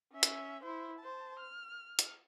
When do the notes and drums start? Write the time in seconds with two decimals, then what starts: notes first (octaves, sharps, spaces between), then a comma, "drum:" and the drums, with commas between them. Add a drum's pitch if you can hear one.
0.13 C#4 E5
0.23 drum: hi-hat
0.63 E4 C5
0.99 C5 A5
1.40 F6
1.99 drum: hi-hat